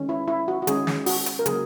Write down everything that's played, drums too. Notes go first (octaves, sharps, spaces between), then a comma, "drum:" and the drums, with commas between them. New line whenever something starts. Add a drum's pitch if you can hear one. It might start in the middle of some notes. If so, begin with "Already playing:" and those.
Already playing: D#3 G#3 C#4
E4
E4
F#4
F#4
D#3 G#3 C#4 G#4, drum: hi-hat
drum: snare
F#4, drum: open hi-hat
drum: hi-hat
A#4
C#3 F#3 A#3 G#4, drum: hi-hat